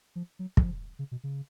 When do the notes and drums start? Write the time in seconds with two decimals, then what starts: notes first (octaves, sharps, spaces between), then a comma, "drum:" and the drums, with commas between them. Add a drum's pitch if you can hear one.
0.16 F3
0.39 F#3
0.57 F#3, drum: kick
0.63 F3
0.99 C#3
1.12 B2
1.24 C#3